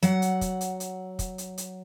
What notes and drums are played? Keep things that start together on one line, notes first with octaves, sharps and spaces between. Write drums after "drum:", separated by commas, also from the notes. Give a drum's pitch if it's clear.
F#3 F#5, drum: hi-hat
drum: hi-hat
drum: kick, hi-hat
drum: hi-hat
drum: hi-hat
drum: kick, hi-hat
drum: hi-hat
drum: hi-hat